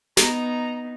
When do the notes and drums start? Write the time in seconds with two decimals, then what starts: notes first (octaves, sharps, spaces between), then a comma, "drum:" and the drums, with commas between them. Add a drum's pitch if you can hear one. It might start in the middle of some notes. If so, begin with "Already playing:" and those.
0.17 B3 D#4 A#5, drum: snare